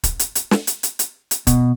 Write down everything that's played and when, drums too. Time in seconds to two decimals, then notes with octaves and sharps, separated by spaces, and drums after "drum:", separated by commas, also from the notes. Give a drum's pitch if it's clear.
0.04 drum: kick, hi-hat
0.19 drum: hi-hat
0.35 drum: hi-hat
0.51 drum: snare
0.67 drum: hi-hat
0.83 drum: hi-hat
0.99 drum: hi-hat
1.31 drum: hi-hat
1.47 B2, drum: kick, hi-hat